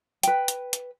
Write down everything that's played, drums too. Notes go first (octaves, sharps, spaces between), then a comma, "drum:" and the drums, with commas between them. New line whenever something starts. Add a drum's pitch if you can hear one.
B4 G5, drum: hi-hat
drum: hi-hat
drum: hi-hat